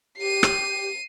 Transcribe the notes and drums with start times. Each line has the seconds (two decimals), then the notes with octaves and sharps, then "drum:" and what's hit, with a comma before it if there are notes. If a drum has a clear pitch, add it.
0.18 G4 C7 D#7
0.43 drum: rim click